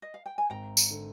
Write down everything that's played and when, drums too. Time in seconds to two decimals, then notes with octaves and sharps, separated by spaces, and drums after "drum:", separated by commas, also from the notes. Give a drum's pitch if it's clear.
0.02 D#5
0.14 F5
0.26 G5
0.38 G#5
0.50 G#1 G5 A#5
0.77 drum: tambourine
0.91 D3